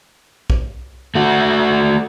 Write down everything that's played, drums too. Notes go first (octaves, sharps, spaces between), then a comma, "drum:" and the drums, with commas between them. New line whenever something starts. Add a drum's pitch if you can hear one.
drum: kick A#1
A3 F#4